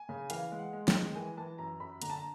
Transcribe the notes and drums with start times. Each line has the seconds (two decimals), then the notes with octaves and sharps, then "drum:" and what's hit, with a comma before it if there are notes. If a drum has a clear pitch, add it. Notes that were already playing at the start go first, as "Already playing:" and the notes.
Already playing: G#5
0.09 C#3
0.30 E3 F5, drum: hi-hat
0.51 G#3
0.59 F#5
0.73 G#3
0.88 G5, drum: snare
0.95 G#3
1.16 E3 G#5
1.37 E3 A5
1.58 F#2 A#5
1.80 F#2 B5
2.02 D3 A#5, drum: hi-hat
2.10 A5
2.17 A#5